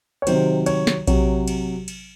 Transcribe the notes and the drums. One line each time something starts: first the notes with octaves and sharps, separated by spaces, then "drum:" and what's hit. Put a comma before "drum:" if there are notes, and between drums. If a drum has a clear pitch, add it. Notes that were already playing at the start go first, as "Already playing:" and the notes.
C#5
C3 D#3 F#3 C5, drum: cymbal
C#5, drum: cymbal
drum: snare
C3 F#3 C#5, drum: kick A#1, cymbal
drum: cymbal
drum: cymbal